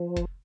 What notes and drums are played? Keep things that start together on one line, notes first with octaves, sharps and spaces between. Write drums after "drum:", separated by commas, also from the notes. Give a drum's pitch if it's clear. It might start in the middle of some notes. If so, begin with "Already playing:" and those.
Already playing: F3
drum: kick F1, hi-hat